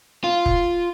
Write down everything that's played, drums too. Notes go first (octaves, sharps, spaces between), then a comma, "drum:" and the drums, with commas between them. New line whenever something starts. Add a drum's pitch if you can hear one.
F4
drum: kick F1